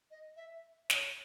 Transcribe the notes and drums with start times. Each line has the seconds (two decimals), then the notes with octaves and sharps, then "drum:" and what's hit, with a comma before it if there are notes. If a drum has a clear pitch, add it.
0.11 D#5
0.36 E5
0.90 C#5, drum: snare